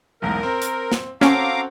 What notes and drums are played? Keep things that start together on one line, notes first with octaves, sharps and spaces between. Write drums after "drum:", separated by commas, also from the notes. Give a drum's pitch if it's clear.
B1 E2 G#2 A#4
C4
drum: hi-hat
drum: snare
C4 C#4 F#4 A4 F5 A#5 D6, drum: snare